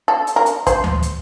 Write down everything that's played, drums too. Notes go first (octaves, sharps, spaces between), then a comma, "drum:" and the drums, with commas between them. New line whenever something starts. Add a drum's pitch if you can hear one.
A4
drum: hi-hat
A#4
drum: hi-hat
C5, drum: kick, hi-hat
drum: tom D2
drum: hi-hat